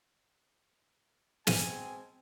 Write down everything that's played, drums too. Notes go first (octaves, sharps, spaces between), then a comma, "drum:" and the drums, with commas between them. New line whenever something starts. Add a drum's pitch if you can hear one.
B2 G#3 C4 G#5 D#7, drum: snare